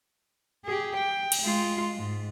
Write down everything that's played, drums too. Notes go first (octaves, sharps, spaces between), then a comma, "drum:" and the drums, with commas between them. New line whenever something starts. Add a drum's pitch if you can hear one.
G4 G#4
G5
drum: cymbal
G#3 F4
G#2